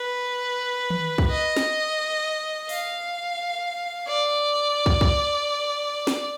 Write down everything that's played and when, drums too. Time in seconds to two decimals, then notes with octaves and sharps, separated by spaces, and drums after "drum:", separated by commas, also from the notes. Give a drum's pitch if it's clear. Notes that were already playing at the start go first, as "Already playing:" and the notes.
Already playing: B4
0.90 drum: tom D#3
1.18 drum: kick
1.30 D#5
1.56 drum: snare
2.69 F5, drum: open hi-hat
4.07 D5
4.86 drum: kick
5.01 drum: kick
6.07 drum: snare